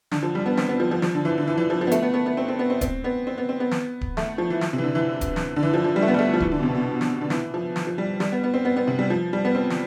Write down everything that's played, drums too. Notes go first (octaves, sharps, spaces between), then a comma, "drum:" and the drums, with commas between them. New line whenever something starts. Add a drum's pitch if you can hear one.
D3, drum: snare
F3
G3
B3
C4, drum: snare
B3
F3
F3
F3, drum: snare
D3
E3
D3
E3
E3
F3
F3
B3
A3, drum: hi-hat
B3
B3
B3
C4
C4
B3
C4
C4, drum: kick D1, hi-hat
B3
C4
B3
C4
B3
drum: snare
drum: kick D1
A3, drum: snare
F3
E3
drum: snare
C3
E3
D3
E3
drum: kick D1, hi-hat
drum: snare
D3
E3
F3
F3
G3
A3
B3
G3
A3
F3
E3, drum: kick D1
D3
B2
C3
B2
drum: snare
D3
E3, drum: snare
F3
drum: snare
F3
G3
G3, drum: snare
B3
B3
C4
B3
B3
C3
G3
F3
G3
B3
C4
drum: snare